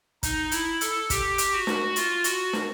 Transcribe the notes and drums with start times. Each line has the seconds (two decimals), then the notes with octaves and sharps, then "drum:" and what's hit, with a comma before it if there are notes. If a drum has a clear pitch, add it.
0.23 D#4, drum: kick, hi-hat
0.51 E4, drum: hi-hat
0.81 A4, drum: hi-hat
1.10 G4, drum: kick, hi-hat
1.38 drum: hi-hat
1.53 F#4
1.67 drum: snare
1.96 F4, drum: hi-hat
2.24 F#4, drum: hi-hat
2.53 drum: snare